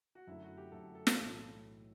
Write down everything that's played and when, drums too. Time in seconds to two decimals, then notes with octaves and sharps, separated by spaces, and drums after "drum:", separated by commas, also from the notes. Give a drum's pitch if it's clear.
0.15 F#4
0.27 F#2 D3 A3 E4
0.42 F#4
0.57 G4
0.72 F#2 D3 A3 A4
0.95 A4
1.07 drum: snare
1.16 B1 A2 E3 A4